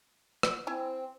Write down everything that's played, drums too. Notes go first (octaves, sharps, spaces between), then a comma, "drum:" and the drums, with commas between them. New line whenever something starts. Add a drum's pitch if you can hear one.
drum: rim click
C4 E4 G#5